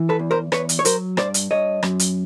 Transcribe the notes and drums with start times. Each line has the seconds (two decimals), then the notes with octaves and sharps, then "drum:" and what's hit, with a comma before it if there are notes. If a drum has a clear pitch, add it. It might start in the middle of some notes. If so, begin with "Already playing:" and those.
Already playing: E3
0.09 A4 B4
0.19 E2
0.31 A#4 C5
0.52 E2 B4 C#5, drum: rim click
0.69 drum: hi-hat
0.79 C#5
0.85 F#3 A#4 C5, drum: hi-hat
1.17 G2 C5 D5, drum: rim click
1.34 drum: hi-hat
1.51 G2 C#5 D#5
1.83 F#2, drum: rim click
1.99 drum: hi-hat